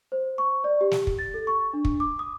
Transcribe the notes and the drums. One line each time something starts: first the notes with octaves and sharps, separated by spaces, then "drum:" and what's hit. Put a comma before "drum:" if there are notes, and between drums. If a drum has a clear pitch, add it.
C5
C#6
D5
G4
drum: snare
drum: kick
A6
A4
C#6
D4
drum: kick
D6
D#6